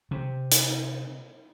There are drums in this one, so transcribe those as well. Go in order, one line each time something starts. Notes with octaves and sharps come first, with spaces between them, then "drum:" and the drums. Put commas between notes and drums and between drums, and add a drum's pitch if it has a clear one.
C3
drum: hi-hat